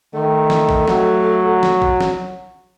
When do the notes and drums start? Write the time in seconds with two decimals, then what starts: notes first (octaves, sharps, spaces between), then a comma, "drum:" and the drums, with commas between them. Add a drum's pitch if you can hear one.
0.14 D#3 A3
0.50 drum: snare
0.69 drum: kick A#1
0.88 F#3, drum: snare
1.63 drum: snare
1.82 drum: kick A#1
2.00 drum: snare